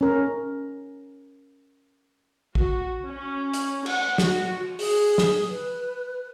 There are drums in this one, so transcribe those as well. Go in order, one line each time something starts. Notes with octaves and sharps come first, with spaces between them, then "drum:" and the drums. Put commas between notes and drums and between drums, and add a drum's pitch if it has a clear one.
C#4 A#4
F#4, drum: kick
C#4
drum: hi-hat
F#5, drum: cymbal
F#4, drum: snare
G#4, drum: open hi-hat
drum: snare
B4